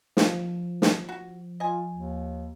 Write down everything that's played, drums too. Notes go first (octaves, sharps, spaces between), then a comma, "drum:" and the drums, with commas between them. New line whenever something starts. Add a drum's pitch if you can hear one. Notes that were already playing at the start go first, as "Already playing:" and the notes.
F3, drum: snare
drum: snare
F#4
F4 D#5 G#5
D#2